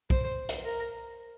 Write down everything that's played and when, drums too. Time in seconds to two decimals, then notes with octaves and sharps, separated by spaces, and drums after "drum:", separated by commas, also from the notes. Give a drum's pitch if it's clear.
0.10 C5, drum: kick
0.49 drum: hi-hat
0.65 A#4